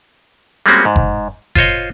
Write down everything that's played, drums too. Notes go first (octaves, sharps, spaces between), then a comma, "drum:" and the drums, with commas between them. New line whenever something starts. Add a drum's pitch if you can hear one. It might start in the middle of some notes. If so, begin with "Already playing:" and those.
G3 G#3 A#3 C4 C#4 F#4
G#2
drum: kick F#1
F4 C5 C#5 D#5, drum: kick F#1